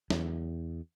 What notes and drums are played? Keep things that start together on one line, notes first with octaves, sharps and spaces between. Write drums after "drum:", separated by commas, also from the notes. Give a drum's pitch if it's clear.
E2, drum: snare